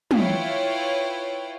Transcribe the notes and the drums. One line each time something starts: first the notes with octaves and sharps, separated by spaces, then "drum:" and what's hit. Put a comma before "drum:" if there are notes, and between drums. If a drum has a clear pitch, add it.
E4 F4 B4 C#5 F5 G5, drum: tom